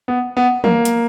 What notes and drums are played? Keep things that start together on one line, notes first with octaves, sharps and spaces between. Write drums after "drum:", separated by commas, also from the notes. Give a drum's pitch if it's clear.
B3
B3
A#3, drum: tom
drum: hi-hat